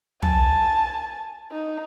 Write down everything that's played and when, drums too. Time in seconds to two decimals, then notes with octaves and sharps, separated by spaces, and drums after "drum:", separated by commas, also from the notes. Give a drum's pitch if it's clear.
0.22 G#5 A5, drum: tom
1.51 D#4